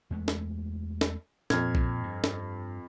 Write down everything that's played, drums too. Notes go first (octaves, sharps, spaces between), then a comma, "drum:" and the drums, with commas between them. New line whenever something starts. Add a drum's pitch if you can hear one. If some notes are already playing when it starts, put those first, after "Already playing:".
E2 G#3 A3
drum: snare
drum: snare
F2 A#2 F6 G#6, drum: snare
drum: kick B1
G2
drum: snare